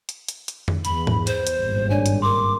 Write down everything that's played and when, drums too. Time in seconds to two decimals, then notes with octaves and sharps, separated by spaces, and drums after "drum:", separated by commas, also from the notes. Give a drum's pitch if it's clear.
0.09 drum: hi-hat
0.28 drum: hi-hat
0.48 drum: hi-hat
0.68 drum: tom F2
0.85 E2 B5, drum: hi-hat
1.07 drum: tom G#2
1.27 C5, drum: hi-hat
1.47 drum: hi-hat
1.58 G#1 G2 A#2
1.90 D4 C#5 D5 G#5
2.06 drum: hi-hat
2.22 A#4 C6 D6